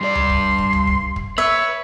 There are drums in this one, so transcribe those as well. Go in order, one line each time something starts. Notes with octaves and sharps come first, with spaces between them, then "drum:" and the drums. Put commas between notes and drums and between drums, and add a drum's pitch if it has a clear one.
G2 D5 C6
drum: tom C#2
drum: kick
drum: kick
drum: tom C#2
drum: kick
drum: kick
B4 C#5 E5